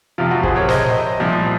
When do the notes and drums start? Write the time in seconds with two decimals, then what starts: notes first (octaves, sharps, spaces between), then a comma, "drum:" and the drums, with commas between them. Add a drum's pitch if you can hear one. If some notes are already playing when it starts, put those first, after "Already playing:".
0.18 F2 C3 F3 F4
0.31 F#4
0.44 G#4 C5, drum: kick
0.56 A#4 C#5
0.69 C5 D#5, drum: snare
1.20 C2 A#2 F3